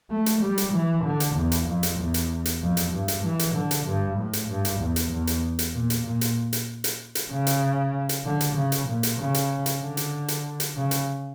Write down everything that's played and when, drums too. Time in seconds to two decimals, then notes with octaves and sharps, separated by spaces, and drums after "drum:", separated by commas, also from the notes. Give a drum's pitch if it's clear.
0.10 A3
0.26 drum: hi-hat
0.42 G3
0.58 drum: hi-hat
0.73 E3
1.05 D3
1.20 drum: hi-hat
1.36 E2
1.52 drum: hi-hat
1.67 F2
1.83 drum: hi-hat
1.99 E2
2.14 drum: hi-hat
2.45 drum: hi-hat
2.62 F2
2.77 drum: hi-hat
2.92 G2
3.08 drum: hi-hat
3.24 E3
3.39 drum: hi-hat
3.55 D3
3.71 drum: hi-hat
3.86 G2
4.18 A2
4.33 drum: hi-hat
4.49 G2
4.65 drum: hi-hat
4.80 E2
4.96 drum: hi-hat
5.12 E2
5.27 drum: hi-hat
5.59 drum: hi-hat
5.74 A#2
5.90 drum: hi-hat
6.05 A#2
6.21 drum: hi-hat
6.53 drum: hi-hat
6.84 drum: hi-hat
7.15 drum: hi-hat
7.31 C#3
7.47 drum: hi-hat
8.09 drum: hi-hat
8.25 D3
8.41 drum: hi-hat
8.56 C#3
8.72 drum: hi-hat
8.88 A#2
9.03 drum: hi-hat
9.19 C#3
9.34 drum: hi-hat
9.66 drum: hi-hat
9.81 D3
9.97 drum: hi-hat
10.28 drum: hi-hat
10.60 drum: hi-hat
10.76 C#3
10.91 drum: hi-hat